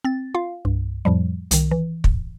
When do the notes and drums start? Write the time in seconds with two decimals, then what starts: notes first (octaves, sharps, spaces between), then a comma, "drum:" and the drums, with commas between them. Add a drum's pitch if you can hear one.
0.04 C4 A6
0.34 F4 F5
0.65 C2 G2
1.05 F2 A2 F3 G3
1.51 C2 D#3, drum: hi-hat
1.71 E3
2.04 drum: kick